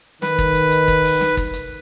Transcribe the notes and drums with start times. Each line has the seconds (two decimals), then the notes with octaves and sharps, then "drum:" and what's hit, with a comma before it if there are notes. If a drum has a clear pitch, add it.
0.22 D#3 B4, drum: snare
0.38 drum: kick, hi-hat
0.55 drum: hi-hat
0.71 drum: hi-hat
0.88 drum: kick, hi-hat
1.04 drum: open hi-hat
1.21 drum: snare
1.37 drum: kick, hi-hat
1.54 drum: hi-hat